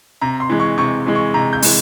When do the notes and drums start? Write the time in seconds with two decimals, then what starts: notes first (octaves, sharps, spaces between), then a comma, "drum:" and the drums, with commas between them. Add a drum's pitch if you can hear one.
0.21 C3 A#5
0.40 C6
0.49 E3 G#3
0.60 C#6
0.77 C3 C#6
1.06 E3 G#3
1.15 C#6
1.34 C3 A#5
1.53 G6
1.62 E3 G#3, drum: open hi-hat